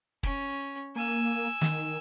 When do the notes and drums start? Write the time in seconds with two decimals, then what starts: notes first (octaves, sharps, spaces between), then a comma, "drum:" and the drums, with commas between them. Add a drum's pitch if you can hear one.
0.23 C#4, drum: kick
0.96 A#3 G#5 E6
1.61 D#3, drum: snare